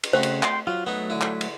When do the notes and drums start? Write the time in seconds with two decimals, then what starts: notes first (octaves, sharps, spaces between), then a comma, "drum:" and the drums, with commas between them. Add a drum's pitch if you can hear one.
0.03 drum: cymbal
0.13 C#3 A3 C4 F#4 C5
0.23 drum: cymbal
0.43 G5 C6, drum: clap
0.67 F#3 F4
0.87 F#3 A3 B3 D#4
1.10 D3 E4
1.21 drum: clap
1.41 drum: cymbal